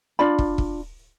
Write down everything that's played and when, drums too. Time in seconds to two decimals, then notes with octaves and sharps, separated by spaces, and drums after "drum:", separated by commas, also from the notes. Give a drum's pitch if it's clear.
0.19 D4 F4 D5 B5
0.39 drum: kick
0.58 drum: kick